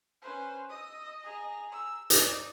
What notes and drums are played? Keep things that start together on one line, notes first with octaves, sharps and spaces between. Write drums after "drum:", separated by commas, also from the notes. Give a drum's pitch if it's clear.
C#4 B4 C5
D#5 D#6 E6
G#4 A#5
E6
D#4 D5, drum: hi-hat